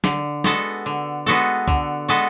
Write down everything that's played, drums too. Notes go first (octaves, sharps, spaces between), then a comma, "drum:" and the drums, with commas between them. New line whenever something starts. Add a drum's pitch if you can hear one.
D3, drum: snare
G#3 B3 F#4 A4, drum: snare
D3
G#3 B3 F#4 A4
D3, drum: kick
G#3 B3 F#4 A4